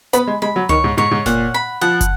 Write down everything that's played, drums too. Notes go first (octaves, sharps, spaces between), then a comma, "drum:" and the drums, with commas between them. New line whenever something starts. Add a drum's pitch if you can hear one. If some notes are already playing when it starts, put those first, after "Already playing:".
B3 B5, drum: hi-hat
G#3
G#3 B5
F#3
D#3 C#5, drum: tom C#2
G#2
G#2 C#5
G#2
A#2 F#5, drum: snare F1
B5
F3 F#5
drum: kick, hi-hat